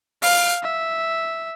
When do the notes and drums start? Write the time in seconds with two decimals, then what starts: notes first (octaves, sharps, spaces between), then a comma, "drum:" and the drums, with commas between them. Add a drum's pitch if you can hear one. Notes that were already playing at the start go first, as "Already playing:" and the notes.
0.22 F5, drum: open hi-hat
0.63 E5